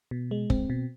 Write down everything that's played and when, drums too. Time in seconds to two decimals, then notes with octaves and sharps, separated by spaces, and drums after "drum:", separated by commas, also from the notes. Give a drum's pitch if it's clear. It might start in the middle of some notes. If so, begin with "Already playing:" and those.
0.11 B2
0.31 G#3
0.50 C4, drum: kick
0.70 B2